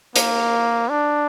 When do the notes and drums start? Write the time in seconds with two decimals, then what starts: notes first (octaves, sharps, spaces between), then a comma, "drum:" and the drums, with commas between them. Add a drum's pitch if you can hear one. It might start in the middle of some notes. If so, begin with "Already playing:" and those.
0.16 A#3, drum: hi-hat
0.90 D4